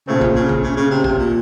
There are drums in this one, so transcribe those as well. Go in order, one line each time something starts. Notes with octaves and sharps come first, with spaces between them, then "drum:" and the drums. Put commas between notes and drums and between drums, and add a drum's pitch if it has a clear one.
A#2 C#3 A3 C4
drum: kick
C#3
drum: kick
C#3
C#3
C3
C3, drum: kick
A#2